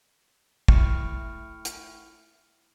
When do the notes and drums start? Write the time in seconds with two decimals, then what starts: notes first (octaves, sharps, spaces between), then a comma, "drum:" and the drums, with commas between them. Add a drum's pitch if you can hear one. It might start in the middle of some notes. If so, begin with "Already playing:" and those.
0.68 A3 E4 G5 C#6 F6 C#7, drum: kick
1.65 drum: hi-hat